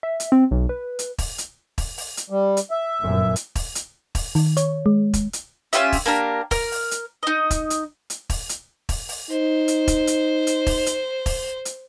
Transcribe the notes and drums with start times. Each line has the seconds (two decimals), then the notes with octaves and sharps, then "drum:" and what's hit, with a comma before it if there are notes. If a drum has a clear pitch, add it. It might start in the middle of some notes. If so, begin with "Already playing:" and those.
0.03 E5
0.20 drum: hi-hat
0.32 C4
0.51 B1
0.69 B4
0.99 drum: hi-hat
1.18 drum: kick E1, open hi-hat
1.38 drum: hi-hat
1.78 drum: kick E1, open hi-hat
1.97 drum: open hi-hat
2.17 drum: hi-hat
2.30 G3
2.57 drum: hi-hat
2.71 E5
3.03 G1 F#2 A#2
3.36 drum: hi-hat
3.55 drum: kick E1, open hi-hat
3.75 drum: hi-hat
4.15 drum: kick E1, open hi-hat
4.35 D#3, drum: open hi-hat
4.57 C#5, drum: hi-hat
4.86 G#3
5.14 drum: kick E1, hi-hat
5.33 drum: hi-hat
5.73 C#4 F4 G4 E5, drum: hi-hat
5.93 drum: kick E1, open hi-hat
6.06 A#3 D4 G4 A#4
6.51 A#4 F6, drum: kick E1, open hi-hat
6.72 drum: open hi-hat
6.91 drum: hi-hat
7.23 D#4 D#5
7.51 drum: kick E1, hi-hat
7.70 drum: hi-hat
8.10 drum: hi-hat
8.30 drum: kick E1, open hi-hat
8.49 drum: hi-hat
8.89 drum: kick E1, open hi-hat
9.09 drum: open hi-hat
9.31 D#4 C5
9.68 drum: hi-hat
9.88 drum: kick E1, hi-hat
10.07 drum: hi-hat
10.47 drum: hi-hat
10.67 drum: kick E1, open hi-hat
10.86 drum: hi-hat
11.26 drum: kick E1, open hi-hat
11.65 drum: hi-hat